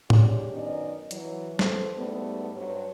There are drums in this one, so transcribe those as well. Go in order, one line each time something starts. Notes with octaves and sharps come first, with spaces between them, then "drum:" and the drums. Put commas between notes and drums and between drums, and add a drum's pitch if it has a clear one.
G#3 D4 G4 C#5, drum: tom A2
F#2 D#3 B3 C#4 D5 D#5
E3 F#3, drum: hi-hat
E2 C4 A4 C5, drum: snare
G#2 G3 A3 B3
G2 F#3 C5 C#5